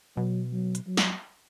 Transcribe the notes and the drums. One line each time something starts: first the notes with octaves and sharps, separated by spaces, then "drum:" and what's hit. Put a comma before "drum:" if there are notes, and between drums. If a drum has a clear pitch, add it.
B2 F#3
F#3
drum: hi-hat
F#3
drum: snare